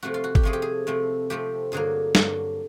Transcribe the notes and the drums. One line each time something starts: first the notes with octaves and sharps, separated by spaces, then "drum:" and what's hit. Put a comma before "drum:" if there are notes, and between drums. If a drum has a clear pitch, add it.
C3 F3 A3 C4 F#4
F4
F#4
G4, drum: kick G1
C3 F3 A3 C4 G#4
G4
G#4
C3 F3 A3 C4
C3 F3 A3 C4 G4
G2 D3 F#3 A#3 G#4
G2 D3 F#3 A#3, drum: snare